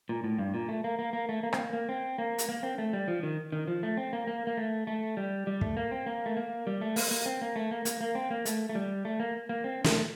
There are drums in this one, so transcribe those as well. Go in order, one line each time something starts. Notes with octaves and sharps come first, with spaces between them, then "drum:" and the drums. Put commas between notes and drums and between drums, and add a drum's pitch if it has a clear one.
A#2
A2
G2
A#2
A3
A#3
A#3
A#3
A3
A#3
C4, drum: rim click
A#3
A#3
C4
A#3
drum: hi-hat
A#3
C4
A3
G3
F3
D#3
D#3
F3
A3
C4
A#3
A#3
A#3
A3
A3
G3
G3
A3, drum: kick
A#3
C4
A#3
A3
A#3
G3
A3
A#3, drum: open hi-hat
A#3
C4
A#3
A3
A#3
A#3, drum: hi-hat
A#3
C4
A#3
A3, drum: hi-hat
A3
G3
A3
A#3
A#3
C4
A3, drum: snare